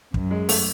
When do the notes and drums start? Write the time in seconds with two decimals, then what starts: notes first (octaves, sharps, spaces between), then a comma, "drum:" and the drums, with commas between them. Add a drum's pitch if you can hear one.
0.14 F#2, drum: kick
0.31 G#3
0.49 A3, drum: open hi-hat